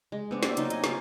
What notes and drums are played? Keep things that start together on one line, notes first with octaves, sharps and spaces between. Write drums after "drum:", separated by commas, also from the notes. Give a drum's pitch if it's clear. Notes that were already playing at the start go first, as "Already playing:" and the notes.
G#3
B3 C4 D4
A#3 D5 E5, drum: snare
F#3 D#4 F4, drum: hi-hat
D#5 G#5, drum: hi-hat
C4 F4, drum: snare